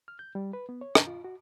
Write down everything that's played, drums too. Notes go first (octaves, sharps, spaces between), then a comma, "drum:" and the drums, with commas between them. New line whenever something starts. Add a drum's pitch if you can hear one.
F6
G6
G3
B4
B3
C#5
A#5, drum: rim click
F4
F#4